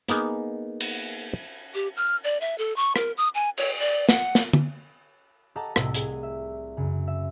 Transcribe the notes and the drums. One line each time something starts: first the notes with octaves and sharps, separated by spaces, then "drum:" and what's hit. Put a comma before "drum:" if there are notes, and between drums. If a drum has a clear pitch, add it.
A#3 B3 D#4 G#4, drum: hi-hat
drum: cymbal
G4
F6
D5
E5
A4
C#6
A#4, drum: rim click
D#6
G#5
C#5, drum: cymbal
D5
F#5, drum: snare
drum: snare
drum: tom D3
G4 A4 D#5 F#5 A5 A#5
C2 A2 D#5 E6, drum: rim click
G#4 D#5, drum: hi-hat
E5
F#2 C#3
E5